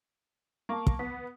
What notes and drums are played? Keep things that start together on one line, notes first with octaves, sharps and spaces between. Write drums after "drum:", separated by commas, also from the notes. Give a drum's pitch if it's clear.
A#3 F5 A5 C#6
drum: kick
B3 B6